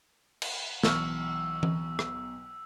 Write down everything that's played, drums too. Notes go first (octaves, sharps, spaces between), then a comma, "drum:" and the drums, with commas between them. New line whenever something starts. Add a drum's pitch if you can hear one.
drum: cymbal
B1 E3 C#6 E6 F6, drum: snare
drum: tom E3
drum: rim click